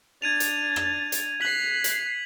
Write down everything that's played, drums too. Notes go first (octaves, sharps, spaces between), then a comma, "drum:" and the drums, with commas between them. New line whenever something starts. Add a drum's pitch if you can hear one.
D4 G#6 A6 D#7 F7
drum: hi-hat
drum: rim click
drum: hi-hat
F#6 B6 C7 F#7
drum: hi-hat